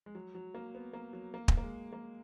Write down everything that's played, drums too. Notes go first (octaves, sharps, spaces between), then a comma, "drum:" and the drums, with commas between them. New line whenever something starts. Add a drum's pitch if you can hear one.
G#3
F#3
F#3
A#3
B3
A#3
F#3
A#3
drum: kick
A#3
G#3
A#3